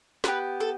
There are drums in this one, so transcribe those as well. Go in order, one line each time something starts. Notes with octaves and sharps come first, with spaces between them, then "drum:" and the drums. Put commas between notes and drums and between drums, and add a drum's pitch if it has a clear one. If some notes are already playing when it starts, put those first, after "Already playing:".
B3 D4 G4 B4, drum: snare
A4